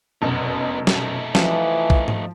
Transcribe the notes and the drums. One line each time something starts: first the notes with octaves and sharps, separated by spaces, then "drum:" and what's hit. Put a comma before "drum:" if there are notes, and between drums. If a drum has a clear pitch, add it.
F1 F#2 B2 B3 D#4
A3 D#4, drum: snare
E3 F3, drum: snare
drum: kick
drum: tom G#2